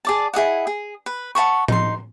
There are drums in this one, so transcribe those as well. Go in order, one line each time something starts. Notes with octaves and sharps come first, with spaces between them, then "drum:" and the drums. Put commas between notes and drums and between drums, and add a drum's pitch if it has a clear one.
G#4 D5 A5
E4 G#4 D#5 F#5
G#4
B4
F#5 A5 B5 C#6
D#4 C6, drum: tom